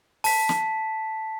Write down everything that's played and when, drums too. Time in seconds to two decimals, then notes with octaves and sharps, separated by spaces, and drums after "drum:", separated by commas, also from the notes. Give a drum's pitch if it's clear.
0.24 A5 B6, drum: open hi-hat
0.49 drum: snare